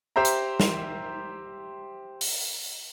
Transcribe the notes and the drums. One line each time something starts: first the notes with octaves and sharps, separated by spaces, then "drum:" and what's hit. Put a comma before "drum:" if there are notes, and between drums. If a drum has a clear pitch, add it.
G4 C5 E5 A#5
drum: hi-hat
drum: snare
drum: open hi-hat